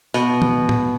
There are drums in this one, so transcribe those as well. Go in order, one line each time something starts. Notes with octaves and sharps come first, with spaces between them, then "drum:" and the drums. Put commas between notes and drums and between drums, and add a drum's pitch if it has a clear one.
B2, drum: hi-hat
drum: tom
drum: tom A2